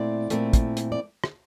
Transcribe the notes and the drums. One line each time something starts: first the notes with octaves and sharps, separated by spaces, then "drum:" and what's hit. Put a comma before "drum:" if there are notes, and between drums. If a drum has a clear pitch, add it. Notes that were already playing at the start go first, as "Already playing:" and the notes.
Already playing: A#2 A3 C4 E4 D5
A#2 A3 C4 E4, drum: hi-hat
drum: kick, hi-hat
drum: hi-hat
D5
drum: rim click